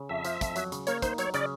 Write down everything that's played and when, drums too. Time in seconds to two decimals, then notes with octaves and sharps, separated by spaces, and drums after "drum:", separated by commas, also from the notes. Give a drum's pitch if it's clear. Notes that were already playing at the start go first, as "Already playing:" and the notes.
Already playing: C#3
0.09 F2 E5
0.25 F3, drum: hi-hat
0.41 F2, drum: kick, hi-hat
0.56 F#3, drum: hi-hat
0.72 C#3, drum: hi-hat
0.87 A#3 C#5, drum: hi-hat
1.02 D#4 C5, drum: kick, hi-hat
1.18 F#3 C#5, drum: hi-hat
1.34 C#3 D5, drum: hi-hat